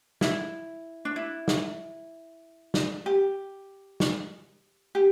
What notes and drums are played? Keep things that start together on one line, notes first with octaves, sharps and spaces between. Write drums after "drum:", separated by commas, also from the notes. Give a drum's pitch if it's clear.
E4, drum: snare
D4
E4
drum: snare
drum: snare
G4
drum: snare
G4